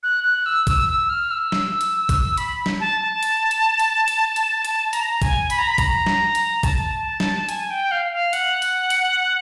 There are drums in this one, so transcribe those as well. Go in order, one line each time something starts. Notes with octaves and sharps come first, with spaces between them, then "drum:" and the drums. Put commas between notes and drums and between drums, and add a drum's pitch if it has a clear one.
F#6
F#6
E6
E6, drum: kick, hi-hat
E6
F6
E6
drum: snare
drum: hi-hat
drum: kick, hi-hat
B5, drum: hi-hat
drum: snare
A5
A5
drum: hi-hat
drum: hi-hat
drum: hi-hat
drum: hi-hat
drum: hi-hat
drum: hi-hat
A#5, drum: hi-hat
G#5, drum: kick, hi-hat
B5, drum: hi-hat
A#5
B5
A#5, drum: kick, hi-hat
drum: snare
drum: hi-hat
A5, drum: kick, hi-hat
A5
drum: snare
G#5, drum: hi-hat
G5
F5
F5
F#5, drum: hi-hat
drum: hi-hat
drum: hi-hat